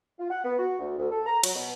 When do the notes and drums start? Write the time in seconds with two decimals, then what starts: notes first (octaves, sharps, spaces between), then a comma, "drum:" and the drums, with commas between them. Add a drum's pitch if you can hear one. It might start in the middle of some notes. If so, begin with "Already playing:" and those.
0.19 F4
0.30 F#5
0.44 B3
0.58 F#4
0.79 D2
0.99 D2
1.11 A4
1.27 A#5
1.43 F#3, drum: cymbal
1.55 B2